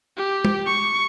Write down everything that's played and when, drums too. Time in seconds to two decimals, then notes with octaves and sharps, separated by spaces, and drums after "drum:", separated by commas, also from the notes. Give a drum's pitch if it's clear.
0.17 G4
0.45 drum: tom
0.66 C#6